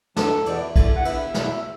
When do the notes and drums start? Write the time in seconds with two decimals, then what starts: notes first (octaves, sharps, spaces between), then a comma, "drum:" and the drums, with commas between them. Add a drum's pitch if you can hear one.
0.17 D3 F#3 B3 A4, drum: snare
0.46 E2 B2 B3 E4 D5, drum: cymbal
0.61 E5
0.76 D3 A3 E4, drum: kick, cymbal
0.97 F#5
1.05 D3 B3 E4 E5, drum: cymbal
1.34 E2 B2 A3 E4, drum: snare